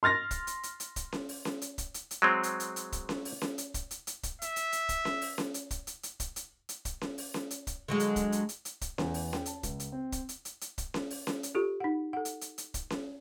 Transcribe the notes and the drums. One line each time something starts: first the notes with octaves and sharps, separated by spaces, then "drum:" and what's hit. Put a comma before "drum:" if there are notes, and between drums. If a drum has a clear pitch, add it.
C6 F6 A6 A#6
drum: kick, hi-hat
drum: hi-hat
drum: hi-hat
drum: hi-hat
drum: kick, hi-hat
drum: snare C#4
drum: open hi-hat
drum: snare C#4
drum: hi-hat
drum: kick, hi-hat
drum: hi-hat
drum: hi-hat
F#3 G#3 C4
drum: hi-hat
drum: hi-hat
drum: hi-hat
drum: kick, hi-hat
drum: snare C#4
drum: open hi-hat
drum: snare C#4
drum: hi-hat
drum: kick, hi-hat
drum: hi-hat
drum: hi-hat
drum: kick, hi-hat
E5, drum: hi-hat
drum: hi-hat
drum: hi-hat
drum: kick, hi-hat
drum: snare C#4
drum: open hi-hat
drum: snare C#4
drum: hi-hat
drum: kick, hi-hat
drum: hi-hat
drum: hi-hat
drum: kick, hi-hat
drum: hi-hat
drum: hi-hat
drum: kick, hi-hat
drum: snare C#4
drum: open hi-hat
drum: snare C#4
drum: hi-hat
drum: kick, hi-hat
D3 F#3 G#3
drum: hi-hat
drum: kick, hi-hat
drum: hi-hat
drum: hi-hat
drum: hi-hat
drum: kick, hi-hat
E2, drum: snare C#4
drum: open hi-hat
G5, drum: snare C#4
A5, drum: hi-hat
C#2, drum: kick, hi-hat
drum: hi-hat
C4
drum: kick, hi-hat
drum: hi-hat
drum: hi-hat
drum: hi-hat
drum: kick, hi-hat
drum: snare C#4
drum: open hi-hat
drum: snare C#4
drum: hi-hat
F4 G4 A4
D#4 F#5
A4 F#5
drum: hi-hat
drum: hi-hat
drum: hi-hat
drum: kick, hi-hat
drum: snare C#4